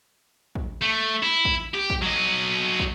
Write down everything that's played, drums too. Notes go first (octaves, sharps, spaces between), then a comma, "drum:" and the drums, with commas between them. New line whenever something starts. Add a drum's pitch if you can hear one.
drum: kick
A3
E4
drum: kick
G4
drum: kick
F#3 D#5
drum: kick